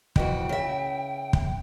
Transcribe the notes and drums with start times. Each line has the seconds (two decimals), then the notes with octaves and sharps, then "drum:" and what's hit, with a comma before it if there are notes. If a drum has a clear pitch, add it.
0.16 F2 E3 F#4 G5, drum: kick
0.49 C#3 E5
1.33 drum: kick